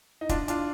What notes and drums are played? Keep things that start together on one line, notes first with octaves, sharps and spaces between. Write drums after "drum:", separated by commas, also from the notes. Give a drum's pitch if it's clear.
D#4
D4 F4, drum: kick, hi-hat
D4 F4, drum: hi-hat